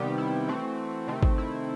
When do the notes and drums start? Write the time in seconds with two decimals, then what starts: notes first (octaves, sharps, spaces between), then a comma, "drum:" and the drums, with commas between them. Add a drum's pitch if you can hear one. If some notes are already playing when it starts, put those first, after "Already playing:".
Already playing: C3 D#3 G3 B3 G4
0.18 E4
0.48 E3 A3 C4 F#4
1.08 C3 D#3 A3 C4
1.23 drum: kick G#1
1.38 E4